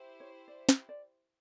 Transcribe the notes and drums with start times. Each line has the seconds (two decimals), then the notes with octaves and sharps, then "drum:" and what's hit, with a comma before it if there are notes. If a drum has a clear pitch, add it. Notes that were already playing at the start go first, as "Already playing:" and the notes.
Already playing: E4 G4 C5
0.20 C#5
0.48 D5
0.69 drum: snare
0.89 D5